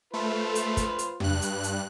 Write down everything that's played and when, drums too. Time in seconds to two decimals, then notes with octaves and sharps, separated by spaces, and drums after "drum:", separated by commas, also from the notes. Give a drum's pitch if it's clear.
0.14 A3 F4 B4 C5
0.55 drum: hi-hat
0.77 drum: kick, hi-hat
0.99 drum: hi-hat
1.20 G2 F#6, drum: tom F2
1.42 drum: hi-hat
1.64 drum: hi-hat